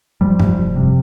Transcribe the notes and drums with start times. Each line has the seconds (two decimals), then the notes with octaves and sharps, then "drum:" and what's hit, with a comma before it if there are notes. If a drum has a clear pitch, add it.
0.21 F2 F3 G3
0.40 F1, drum: tom G2
0.58 F1
0.76 C3